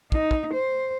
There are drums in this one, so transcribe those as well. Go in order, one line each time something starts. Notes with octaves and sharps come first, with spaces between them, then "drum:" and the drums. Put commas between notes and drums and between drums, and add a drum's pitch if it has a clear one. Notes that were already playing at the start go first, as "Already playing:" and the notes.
D#4, drum: kick
drum: kick
C5